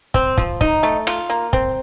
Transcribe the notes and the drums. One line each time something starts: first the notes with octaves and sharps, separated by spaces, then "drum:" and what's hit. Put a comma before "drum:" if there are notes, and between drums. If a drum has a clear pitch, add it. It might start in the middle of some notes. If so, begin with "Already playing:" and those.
C4, drum: kick
F3, drum: kick
D#4, drum: kick
A3
F4, drum: rim click
A#3
C4, drum: kick